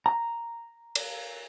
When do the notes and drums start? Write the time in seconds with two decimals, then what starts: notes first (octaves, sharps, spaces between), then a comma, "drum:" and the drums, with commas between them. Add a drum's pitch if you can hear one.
0.06 A#5
0.95 drum: cymbal